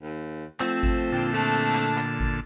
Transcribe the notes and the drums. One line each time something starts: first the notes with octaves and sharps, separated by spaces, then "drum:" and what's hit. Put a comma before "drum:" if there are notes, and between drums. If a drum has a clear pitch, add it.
D#2
F3 A3 C4, drum: clap
drum: kick G#1
A#2 D3 G5 A5
A3 D4
drum: hi-hat
drum: clap
drum: clap
drum: kick G#1